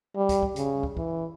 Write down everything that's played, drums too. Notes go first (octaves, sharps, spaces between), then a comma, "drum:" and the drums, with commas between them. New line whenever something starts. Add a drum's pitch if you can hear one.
G3
drum: kick, hi-hat
drum: kick
C#3, drum: hi-hat
drum: kick
E3, drum: kick